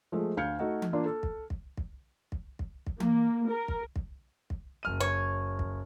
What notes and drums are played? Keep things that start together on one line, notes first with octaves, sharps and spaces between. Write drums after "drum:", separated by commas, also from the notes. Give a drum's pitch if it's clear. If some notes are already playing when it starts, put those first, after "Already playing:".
F3 G#3 A3
D2 F5 F6 G6 G#6 C#7
A3 D#4 F#4
drum: tom E3
A#3 D4 F4 D5
A4
drum: kick
drum: kick
drum: kick
drum: kick
drum: kick
drum: kick
A#3, drum: tom E3
A#4
drum: kick
drum: kick
drum: kick
F#1 F6 D#7
C#5
drum: kick